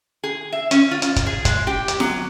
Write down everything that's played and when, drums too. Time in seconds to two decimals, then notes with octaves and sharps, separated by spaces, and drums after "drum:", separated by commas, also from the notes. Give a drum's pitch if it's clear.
0.24 G#4
0.52 E5
0.71 C#4, drum: hi-hat
0.91 F4
1.02 drum: hi-hat
1.16 drum: kick, hi-hat
1.26 G#4
1.45 G#3, drum: kick, hi-hat
1.67 G4
1.88 drum: hi-hat
2.00 F#3, drum: snare F4